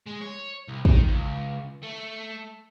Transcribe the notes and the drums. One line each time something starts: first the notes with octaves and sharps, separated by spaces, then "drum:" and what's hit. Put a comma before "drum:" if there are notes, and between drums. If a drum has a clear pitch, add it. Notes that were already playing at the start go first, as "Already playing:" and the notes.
G#3
C#5
C2
D#3, drum: kick
C#2
A3